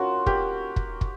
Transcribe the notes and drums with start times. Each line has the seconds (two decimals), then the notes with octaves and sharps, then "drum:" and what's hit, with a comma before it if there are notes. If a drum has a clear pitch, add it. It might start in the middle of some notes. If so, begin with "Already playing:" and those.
Already playing: C#4 F4 F#4 A#4
0.26 A#3 G4, drum: kick
0.76 drum: kick
1.01 drum: kick